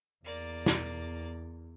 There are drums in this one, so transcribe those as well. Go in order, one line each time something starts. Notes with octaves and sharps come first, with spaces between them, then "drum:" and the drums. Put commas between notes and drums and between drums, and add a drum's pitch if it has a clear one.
E2 A#3 D5
drum: snare